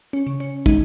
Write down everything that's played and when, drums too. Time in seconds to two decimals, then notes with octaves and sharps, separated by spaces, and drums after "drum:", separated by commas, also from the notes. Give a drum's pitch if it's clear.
0.13 C#4
0.27 C#3
0.40 C#4
0.66 G#3 D#4, drum: kick